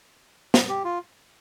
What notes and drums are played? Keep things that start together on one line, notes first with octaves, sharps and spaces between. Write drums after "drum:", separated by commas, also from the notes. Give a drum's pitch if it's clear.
drum: snare
G4
F4